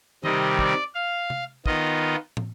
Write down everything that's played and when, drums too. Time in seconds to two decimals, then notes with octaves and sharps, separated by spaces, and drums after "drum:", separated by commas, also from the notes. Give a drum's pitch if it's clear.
0.24 C3 D#3 G3 C4 D#5, drum: tom D#3
0.59 D5, drum: kick
0.95 F5
1.30 drum: tom C3
1.66 D#3 B3 F4 D#5, drum: kick
2.37 drum: tom